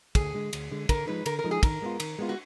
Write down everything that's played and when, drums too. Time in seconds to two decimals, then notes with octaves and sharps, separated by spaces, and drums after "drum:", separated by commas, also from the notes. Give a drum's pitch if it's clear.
0.15 D2 G#4, drum: kick, cymbal
0.35 D3 G#3
0.53 D2, drum: cymbal
0.71 D3 G#3
0.89 D3 A#4, drum: kick, cymbal
1.07 F3 G#3 D#4 B4
1.26 D3 A#4, drum: cymbal
1.39 A#4
1.44 F3 G#3 D#4
1.51 G#4
1.63 D#3 A#4, drum: kick, cymbal
1.82 G#3 B3 F4
2.00 D#3, drum: cymbal
2.19 G#3 B3 F4
2.29 F#4